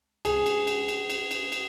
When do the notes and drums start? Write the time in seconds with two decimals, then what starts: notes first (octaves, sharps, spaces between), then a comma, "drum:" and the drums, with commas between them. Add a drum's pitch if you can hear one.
0.25 G#4, drum: cymbal
0.46 drum: cymbal
0.67 drum: cymbal
0.88 drum: cymbal
1.10 drum: cymbal
1.31 drum: cymbal
1.52 drum: cymbal